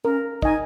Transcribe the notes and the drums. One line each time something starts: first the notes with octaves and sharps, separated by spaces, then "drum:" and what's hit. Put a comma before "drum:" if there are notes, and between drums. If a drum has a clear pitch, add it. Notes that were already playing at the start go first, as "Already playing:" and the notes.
C#4 A#4
D#4 D#5 G#5, drum: kick